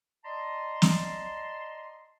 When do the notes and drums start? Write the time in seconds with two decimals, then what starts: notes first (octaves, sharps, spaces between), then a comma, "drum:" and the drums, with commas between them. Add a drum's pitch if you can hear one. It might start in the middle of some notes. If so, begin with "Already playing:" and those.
0.25 D5 D#5 A5 A#5 C6
0.82 drum: snare